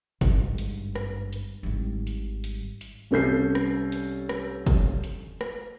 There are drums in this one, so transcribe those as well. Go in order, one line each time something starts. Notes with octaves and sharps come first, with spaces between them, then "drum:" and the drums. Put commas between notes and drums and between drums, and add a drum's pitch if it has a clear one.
G#1 G2, drum: kick, hi-hat
drum: hi-hat
drum: rim click
drum: hi-hat
G#1 G3
drum: hi-hat
drum: hi-hat
drum: hi-hat
C2 C#4 A4 G6 C7
drum: rim click
drum: hi-hat
drum: rim click
drum: kick, hi-hat
drum: hi-hat
drum: rim click